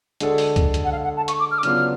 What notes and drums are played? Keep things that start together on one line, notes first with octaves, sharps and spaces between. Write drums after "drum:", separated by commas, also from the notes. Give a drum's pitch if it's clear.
D3 G#3 D4 F#4 A4, drum: hi-hat
drum: open hi-hat
drum: kick C#2, hi-hat
drum: hi-hat
F#5
F5
F#5
A5
C#6, drum: hi-hat
D6
F6
D6
C#3 F#3 B3 D4 F4 F6, drum: hi-hat